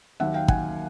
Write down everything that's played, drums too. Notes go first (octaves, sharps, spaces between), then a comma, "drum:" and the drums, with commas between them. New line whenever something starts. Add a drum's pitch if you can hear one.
D#2 D#3 F#3 E5 F#5
F5 G5
F#5 G#5, drum: kick